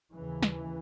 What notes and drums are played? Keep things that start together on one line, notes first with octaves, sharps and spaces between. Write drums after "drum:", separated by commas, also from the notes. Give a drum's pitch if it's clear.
D#2 C#3 E3
drum: snare